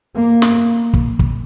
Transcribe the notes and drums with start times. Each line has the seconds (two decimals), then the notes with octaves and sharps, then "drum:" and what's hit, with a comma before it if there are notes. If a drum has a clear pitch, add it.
0.16 A#3
0.42 drum: snare
0.94 drum: kick
1.19 drum: kick